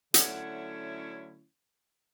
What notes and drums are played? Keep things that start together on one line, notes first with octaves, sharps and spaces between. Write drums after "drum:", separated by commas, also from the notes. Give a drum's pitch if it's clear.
D3 F#3 A3 C#4 E4 F#5, drum: hi-hat